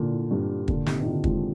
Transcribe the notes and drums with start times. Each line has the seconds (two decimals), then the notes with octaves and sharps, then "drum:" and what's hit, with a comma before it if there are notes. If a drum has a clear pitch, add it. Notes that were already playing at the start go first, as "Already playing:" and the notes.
Already playing: A#2 D3
0.31 G2
0.68 A#2 D3, drum: kick
0.86 C3 D#3, drum: snare
1.00 D#3
1.06 D3 F3
1.24 F3 G#3, drum: kick